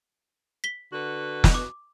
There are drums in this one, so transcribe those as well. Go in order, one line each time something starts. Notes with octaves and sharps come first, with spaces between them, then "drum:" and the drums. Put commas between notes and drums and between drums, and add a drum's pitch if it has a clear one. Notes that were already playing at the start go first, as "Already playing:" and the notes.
B6 G7
D3 F#4 B4
drum: snare
D6